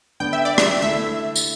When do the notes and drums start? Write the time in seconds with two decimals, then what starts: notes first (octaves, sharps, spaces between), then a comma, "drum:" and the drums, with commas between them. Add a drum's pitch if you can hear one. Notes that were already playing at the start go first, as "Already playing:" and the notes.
0.20 D3 B3 D4 G5
0.33 E5
0.45 D5
0.58 E5, drum: rim click
0.82 D3 A3 E4 E5
1.36 drum: tambourine